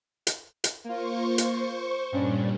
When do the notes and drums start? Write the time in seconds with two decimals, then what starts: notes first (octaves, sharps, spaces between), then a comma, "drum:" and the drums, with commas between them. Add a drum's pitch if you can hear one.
0.27 drum: hi-hat
0.64 drum: hi-hat
0.84 A#3 F4 C5 C#6
1.38 drum: hi-hat
2.12 G2 A#2 G3 C#4 D4